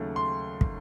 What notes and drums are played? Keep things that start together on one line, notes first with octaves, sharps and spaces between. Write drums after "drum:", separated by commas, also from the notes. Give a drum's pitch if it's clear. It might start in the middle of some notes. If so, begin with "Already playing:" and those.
Already playing: D#2 C#3 F#3 A3
C6
drum: kick